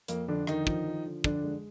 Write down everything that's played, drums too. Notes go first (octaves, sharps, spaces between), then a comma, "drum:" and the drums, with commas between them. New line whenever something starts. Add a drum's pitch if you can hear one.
F2 A#3, drum: hi-hat
F2 D3 D4
D3 D#3 D#4, drum: rim click
F3, drum: kick
F3
D3
F2 D3 D4, drum: kick
G#3